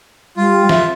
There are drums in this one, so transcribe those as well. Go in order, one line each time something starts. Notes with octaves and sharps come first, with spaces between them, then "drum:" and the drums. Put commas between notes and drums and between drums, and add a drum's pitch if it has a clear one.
G3 F4
E5, drum: snare